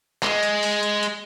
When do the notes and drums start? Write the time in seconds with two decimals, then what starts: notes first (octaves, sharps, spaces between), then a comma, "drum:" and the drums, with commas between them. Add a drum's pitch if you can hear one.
0.23 G#3, drum: clap
0.43 drum: hi-hat
0.63 drum: open hi-hat
0.83 drum: hi-hat
1.03 drum: hi-hat